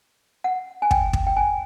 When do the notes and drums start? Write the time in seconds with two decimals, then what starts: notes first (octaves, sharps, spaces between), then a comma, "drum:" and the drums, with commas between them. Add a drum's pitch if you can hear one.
0.44 F#5
0.82 G#5
0.91 G5, drum: kick
1.13 drum: kick
1.27 G5
1.37 G#5